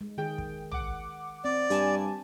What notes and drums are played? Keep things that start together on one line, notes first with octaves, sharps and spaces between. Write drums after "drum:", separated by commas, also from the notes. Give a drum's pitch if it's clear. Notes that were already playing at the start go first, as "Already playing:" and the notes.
G#3
D#3 G#4 G5
drum: kick
F#5 D6, drum: tom
C4 D5
G2 G4 G#5 A5, drum: hi-hat